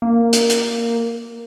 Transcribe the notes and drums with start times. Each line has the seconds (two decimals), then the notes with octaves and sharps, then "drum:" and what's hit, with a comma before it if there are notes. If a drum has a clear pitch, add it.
0.02 A#3
0.33 drum: hi-hat
0.50 drum: hi-hat